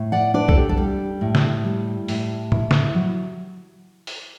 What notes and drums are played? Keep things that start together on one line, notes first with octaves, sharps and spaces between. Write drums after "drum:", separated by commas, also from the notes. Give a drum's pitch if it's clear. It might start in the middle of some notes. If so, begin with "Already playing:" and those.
Already playing: A2
D5 F#5
D4 B4 D5
A4, drum: kick B1
G4
A4
G3 G4
A2
drum: snare
G3
A2, drum: open hi-hat
E4, drum: tom A2
drum: snare
F#3
drum: open hi-hat